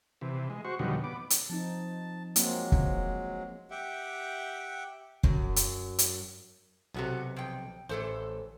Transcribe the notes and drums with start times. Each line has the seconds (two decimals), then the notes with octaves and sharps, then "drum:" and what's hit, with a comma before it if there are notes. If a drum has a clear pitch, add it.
0.21 C3 E3
0.50 G#3
0.65 F#4 C5 C#6
0.79 F2 B2 D3 D#3 F#3 G3
1.04 B3 D6
1.30 drum: hi-hat
1.49 F3 C4 D#4 A5
2.36 F#3 G#3 A#3 C4 F4, drum: hi-hat
2.72 drum: kick
3.71 G4 E5 F#5 G5
5.23 F#2, drum: kick
5.56 drum: hi-hat
5.99 drum: hi-hat
6.94 B1 C3 B3 F#4 A4
7.36 F2 G5
7.89 A1 E3 A4 C5